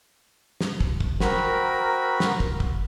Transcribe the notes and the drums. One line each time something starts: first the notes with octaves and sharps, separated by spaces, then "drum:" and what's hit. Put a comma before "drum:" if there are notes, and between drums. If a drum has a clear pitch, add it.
drum: snare
drum: kick
drum: kick
C4 F#4 A#4 B5, drum: snare
drum: snare
drum: kick
drum: kick